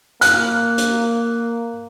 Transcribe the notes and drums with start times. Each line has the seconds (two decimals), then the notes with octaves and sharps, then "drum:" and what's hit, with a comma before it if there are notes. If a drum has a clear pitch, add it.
0.21 A#3 F#6, drum: hi-hat
0.78 drum: hi-hat